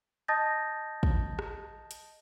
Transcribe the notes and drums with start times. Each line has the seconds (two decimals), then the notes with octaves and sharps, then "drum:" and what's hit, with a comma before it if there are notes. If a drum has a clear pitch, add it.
0.28 D#5 A5 D#6 G6 A6 A#6
1.03 drum: kick
1.39 drum: rim click
1.91 drum: hi-hat